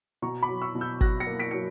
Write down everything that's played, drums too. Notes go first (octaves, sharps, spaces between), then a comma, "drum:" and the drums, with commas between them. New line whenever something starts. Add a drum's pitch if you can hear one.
B2 A#5 C#6
B5 D6
F#3
C#6 E6
B2
E6 G6
F#3 F#6 A#6, drum: kick G#1
A#6 C#7
A#3
B6 D7
F#3 C#7